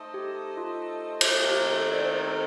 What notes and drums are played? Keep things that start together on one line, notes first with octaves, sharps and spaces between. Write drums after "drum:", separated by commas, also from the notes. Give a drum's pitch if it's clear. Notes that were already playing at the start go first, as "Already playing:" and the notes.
Already playing: A3 D#4 A4 C5 D#5
G4
F4
drum: cymbal
C3 D#3 A3 D#4 G4 A#4
A4
D5
C5
A4